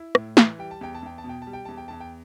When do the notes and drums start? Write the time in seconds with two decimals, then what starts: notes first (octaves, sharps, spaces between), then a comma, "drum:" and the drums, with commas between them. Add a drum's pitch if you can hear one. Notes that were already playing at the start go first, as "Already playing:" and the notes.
Already playing: E4
0.15 A2, drum: rim click
0.37 E3, drum: snare
0.59 G3 G5
0.71 A5
0.81 E2 G5
0.95 A5
1.03 E2 G5
1.18 A5
1.24 B2
1.29 G5
1.42 G3 A5
1.53 G5
1.65 E2 A5
1.77 G5
1.88 E2 A5
2.00 G5